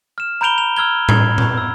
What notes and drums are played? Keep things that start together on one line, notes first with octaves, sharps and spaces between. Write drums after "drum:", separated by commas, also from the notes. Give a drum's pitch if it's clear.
F6 E7
A#5 B5 G6 D7 F7 G7
F7
E6 F6 G#6 G7
G#6, drum: tom A2
drum: tom A#2
E6